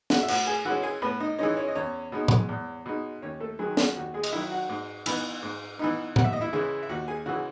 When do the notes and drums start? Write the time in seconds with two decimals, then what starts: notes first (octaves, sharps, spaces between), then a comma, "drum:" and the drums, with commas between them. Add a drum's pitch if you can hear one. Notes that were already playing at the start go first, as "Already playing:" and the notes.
0.10 F#4 F#5, drum: snare
0.23 E5
0.28 A2 F#4 F#5, drum: cymbal
0.47 G#4 G#5
0.65 E3 G#3 C#4 F#4 F#5
0.83 G#4 G#5
1.02 A2 B3 B4
1.20 D#4 D#5
1.38 E3 G#3 C#4 D#4 D#5
1.57 C#4 C#5
1.68 D#5
1.75 E2 C#4 C#5
2.12 B2 G#3 D#4
2.28 drum: tom A2
2.49 E2
2.86 B2 G#3 D#4
3.22 D#2 C#4 C#5
3.40 A3 A4
3.59 D#3 F#3 G#3 G#4
3.77 F#4, drum: snare
3.96 D#2 F#4
4.14 G#3 G#4
4.23 D#5, drum: cymbal
4.32 D#3 F#3 E4 E5
4.51 F#4 F#5
4.69 G#2
5.06 E3 B3 D#4, drum: cymbal
5.43 G#2
5.79 E3 B3 D#4
6.16 D#2 F#5, drum: tom A2
6.24 E5
6.33 D#5
6.41 E4 E5
6.53 C#3 E3 G#3
6.83 E5
6.89 D#2 F#4 F#5
7.08 G#4 G#5
7.26 C#3 E3 G#3 F#4 F#5